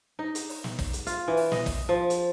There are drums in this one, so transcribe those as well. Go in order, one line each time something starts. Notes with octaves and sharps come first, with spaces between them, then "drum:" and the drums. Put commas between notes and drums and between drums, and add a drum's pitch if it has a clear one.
D#4
drum: hi-hat
drum: open hi-hat
drum: snare
drum: kick, open hi-hat
drum: hi-hat
F4, drum: hi-hat
E3
drum: open hi-hat
D#5, drum: snare
drum: kick, open hi-hat
F3
drum: hi-hat